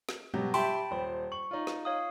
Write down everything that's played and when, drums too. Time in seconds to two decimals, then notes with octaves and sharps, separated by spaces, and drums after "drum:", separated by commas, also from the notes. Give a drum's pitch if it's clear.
0.09 drum: snare
0.34 B2 F#3 G4, drum: tom G3
0.54 G4 E5 G5 A5 B5 C6, drum: open hi-hat
0.91 D#1 C5
1.32 C#6 F#7
1.51 D#4 F4
1.67 drum: snare
1.85 C#5 F5 D#6